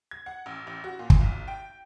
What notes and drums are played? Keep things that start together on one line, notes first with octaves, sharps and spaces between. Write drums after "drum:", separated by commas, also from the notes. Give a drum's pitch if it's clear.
G#6
F#5
A1
A1
F#4
A#2
drum: kick
B1
G5